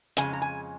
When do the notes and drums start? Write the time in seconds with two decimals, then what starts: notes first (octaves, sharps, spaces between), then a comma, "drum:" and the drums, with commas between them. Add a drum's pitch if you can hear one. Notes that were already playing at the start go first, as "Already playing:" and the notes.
0.17 F2 C#3 G#3 G#5, drum: hi-hat
0.33 A#5
0.42 G#5